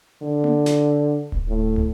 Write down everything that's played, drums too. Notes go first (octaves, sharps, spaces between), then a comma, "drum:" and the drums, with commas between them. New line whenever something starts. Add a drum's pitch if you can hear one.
D3
drum: tom A#3
drum: snare
drum: kick D1
A2
drum: tom